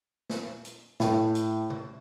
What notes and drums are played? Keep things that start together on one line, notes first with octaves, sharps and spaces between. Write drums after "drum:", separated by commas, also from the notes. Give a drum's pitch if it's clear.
drum: snare
drum: hi-hat
A2, drum: snare
drum: hi-hat
drum: tom C3